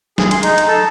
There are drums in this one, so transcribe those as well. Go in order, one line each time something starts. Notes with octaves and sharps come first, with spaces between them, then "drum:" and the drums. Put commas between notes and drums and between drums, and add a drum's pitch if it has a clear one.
G#4, drum: snare
C6, drum: cymbal
D#4, drum: cymbal
drum: cymbal
A4